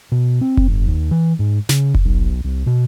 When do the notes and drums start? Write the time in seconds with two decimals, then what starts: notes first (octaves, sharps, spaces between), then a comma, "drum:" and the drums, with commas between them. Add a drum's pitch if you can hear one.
0.12 B2
0.41 C4
0.57 drum: kick F1
0.68 G1
0.86 D#2
1.11 E3
1.39 G#2
1.69 C#3, drum: snare
1.95 drum: kick F1
2.05 B1
2.44 C2
2.66 B2